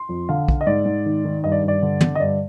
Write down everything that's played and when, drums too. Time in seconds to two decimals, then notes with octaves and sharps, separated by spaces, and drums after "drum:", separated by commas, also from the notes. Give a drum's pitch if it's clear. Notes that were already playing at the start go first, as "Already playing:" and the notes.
Already playing: C6
0.09 F2
0.29 D3 F5
0.48 D3, drum: kick A#1
0.61 D#5
0.67 G#2 D5
0.86 G#2
1.06 D#3
1.25 D#3
1.44 G2 D#5
1.52 D5
1.62 G2
1.68 D5
1.82 D3
2.01 D3, drum: tom
2.15 D#5
2.20 G2 D5